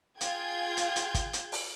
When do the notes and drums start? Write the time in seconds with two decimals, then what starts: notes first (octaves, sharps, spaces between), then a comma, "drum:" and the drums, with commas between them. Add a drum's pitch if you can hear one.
0.21 F4 G#4 G5 G6 G#6, drum: hi-hat
0.77 drum: hi-hat
0.96 drum: hi-hat
1.14 drum: kick, hi-hat
1.33 drum: hi-hat
1.52 drum: open hi-hat